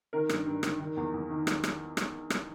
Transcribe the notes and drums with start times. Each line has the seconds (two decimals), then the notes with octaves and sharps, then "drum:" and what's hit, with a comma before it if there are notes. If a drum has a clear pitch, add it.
0.13 D#3 A#4
0.29 G2, drum: rim click
0.46 G2
0.63 D#3, drum: rim click
0.80 D#3
0.97 E2
1.14 E2
1.31 D#3
1.47 drum: rim click
1.64 drum: rim click
1.97 drum: rim click
2.30 drum: rim click